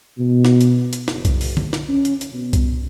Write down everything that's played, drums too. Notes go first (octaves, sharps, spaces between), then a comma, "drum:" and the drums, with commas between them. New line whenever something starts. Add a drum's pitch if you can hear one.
B2
drum: snare
drum: hi-hat
drum: hi-hat
F#1, drum: snare
drum: kick C2, hi-hat
drum: open hi-hat
drum: tom D3
drum: snare
C#4
drum: hi-hat
drum: hi-hat
B2
drum: kick C2, hi-hat